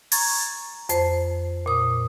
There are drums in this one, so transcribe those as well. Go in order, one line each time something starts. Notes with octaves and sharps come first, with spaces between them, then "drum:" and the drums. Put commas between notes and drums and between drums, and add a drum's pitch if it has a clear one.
A#5 C#6 G#6 A6, drum: open hi-hat
F2 C5, drum: hi-hat
A#2 D#6